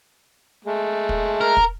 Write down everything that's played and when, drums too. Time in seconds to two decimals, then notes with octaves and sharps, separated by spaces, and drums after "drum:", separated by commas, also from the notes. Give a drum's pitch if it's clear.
0.65 G#3 A3
1.09 drum: kick
1.41 A#4
1.57 drum: kick